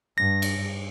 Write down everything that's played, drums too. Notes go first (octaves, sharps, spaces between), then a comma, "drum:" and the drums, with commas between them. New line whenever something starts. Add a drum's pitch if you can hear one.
G2 A#6
drum: cymbal